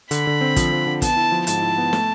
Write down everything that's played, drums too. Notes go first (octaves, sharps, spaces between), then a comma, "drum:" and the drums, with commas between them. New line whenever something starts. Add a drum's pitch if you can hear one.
D3 B5, drum: hi-hat
D3
C4
F3, drum: kick, hi-hat
F3
D3
B3 A5, drum: kick, hi-hat
E4
F3
G#2 A5, drum: hi-hat
E4
B3
A3, drum: snare